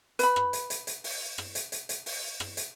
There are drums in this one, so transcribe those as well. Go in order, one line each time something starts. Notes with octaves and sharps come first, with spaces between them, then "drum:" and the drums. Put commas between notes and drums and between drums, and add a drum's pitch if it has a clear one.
B4 B5, drum: hi-hat
drum: rim click
drum: hi-hat
drum: hi-hat
drum: hi-hat
drum: open hi-hat
drum: rim click
drum: hi-hat
drum: hi-hat
drum: hi-hat
drum: open hi-hat
drum: rim click
drum: hi-hat